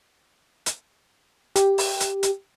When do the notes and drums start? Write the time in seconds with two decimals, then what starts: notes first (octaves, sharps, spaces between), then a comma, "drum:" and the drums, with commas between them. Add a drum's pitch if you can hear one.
0.66 drum: hi-hat
1.56 G4, drum: hi-hat
1.78 drum: open hi-hat
2.00 drum: hi-hat
2.23 drum: hi-hat